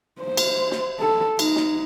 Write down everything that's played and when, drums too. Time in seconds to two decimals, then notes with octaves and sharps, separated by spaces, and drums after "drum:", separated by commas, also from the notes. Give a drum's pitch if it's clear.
0.20 C5
0.37 drum: cymbal
0.71 drum: snare
1.00 A4
1.39 D#4, drum: cymbal
1.56 drum: snare